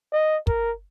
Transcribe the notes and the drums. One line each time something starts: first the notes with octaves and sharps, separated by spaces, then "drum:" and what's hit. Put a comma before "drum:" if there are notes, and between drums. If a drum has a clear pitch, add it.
D#5
A#4, drum: kick